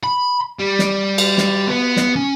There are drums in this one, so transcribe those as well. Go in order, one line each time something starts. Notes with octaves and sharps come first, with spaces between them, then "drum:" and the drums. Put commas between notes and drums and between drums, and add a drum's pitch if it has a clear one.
B5
G3
drum: snare
drum: cymbal
drum: snare
B3
drum: snare
C#4